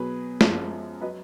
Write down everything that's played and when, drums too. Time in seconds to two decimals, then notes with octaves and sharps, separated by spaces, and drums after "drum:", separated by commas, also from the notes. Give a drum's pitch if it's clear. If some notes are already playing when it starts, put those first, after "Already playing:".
Already playing: B2 F#3 G#4 B4
0.41 F#2 F3 G#3, drum: snare
1.01 F#3 B4 D#5